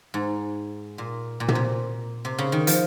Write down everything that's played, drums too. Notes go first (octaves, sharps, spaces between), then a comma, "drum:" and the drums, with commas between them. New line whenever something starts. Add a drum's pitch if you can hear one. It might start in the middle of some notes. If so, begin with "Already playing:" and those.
G#2
A#2
A#2
C3, drum: tom
A#2
C3
C#3
D#3
F3, drum: hi-hat